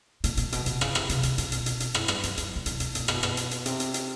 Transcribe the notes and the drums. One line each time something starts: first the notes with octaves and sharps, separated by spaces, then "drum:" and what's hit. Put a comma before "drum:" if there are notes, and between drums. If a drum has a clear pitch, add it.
A#2, drum: hi-hat
A#2, drum: hi-hat
B2, drum: hi-hat
C3, drum: hi-hat
C#3, drum: rim click
C3, drum: rim click
C3, drum: hi-hat
B2, drum: hi-hat
B2, drum: hi-hat
drum: hi-hat
drum: hi-hat
drum: hi-hat
A2, drum: rim click
G2, drum: rim click
F#2, drum: hi-hat
F#2, drum: hi-hat
A#2
B2, drum: hi-hat
B2, drum: hi-hat
A#2, drum: hi-hat
B2, drum: rim click
drum: rim click
drum: hi-hat
drum: hi-hat
C3, drum: hi-hat
drum: hi-hat
drum: hi-hat